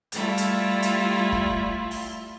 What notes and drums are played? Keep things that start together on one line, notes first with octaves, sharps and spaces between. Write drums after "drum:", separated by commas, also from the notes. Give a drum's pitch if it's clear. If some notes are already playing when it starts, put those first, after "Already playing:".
G3 A3 E4 F4, drum: hi-hat
drum: hi-hat
drum: hi-hat
drum: kick
drum: open hi-hat